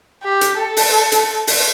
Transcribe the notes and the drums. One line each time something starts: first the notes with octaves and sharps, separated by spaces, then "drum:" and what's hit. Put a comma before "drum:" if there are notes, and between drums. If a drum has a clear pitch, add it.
G4
drum: hi-hat
A4
drum: open hi-hat
drum: hi-hat
drum: open hi-hat